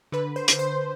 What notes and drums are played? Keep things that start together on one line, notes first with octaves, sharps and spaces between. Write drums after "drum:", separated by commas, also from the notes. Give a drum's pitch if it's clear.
D3 B4
C5
D3, drum: hi-hat
C5